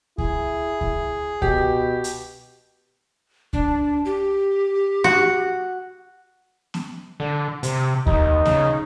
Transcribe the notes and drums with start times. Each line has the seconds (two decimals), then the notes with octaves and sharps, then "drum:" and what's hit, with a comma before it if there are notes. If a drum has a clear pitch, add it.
0.18 E4 G#4, drum: kick C#2
0.81 drum: kick C#2
1.42 B2 G4, drum: kick C#2
2.04 drum: hi-hat
3.53 D4, drum: kick C#2
4.05 G4
5.04 F#4
6.74 drum: snare B3
7.20 D3
7.63 C3, drum: hi-hat
8.07 D#2 D#4, drum: kick C#2
8.45 C#3, drum: snare B3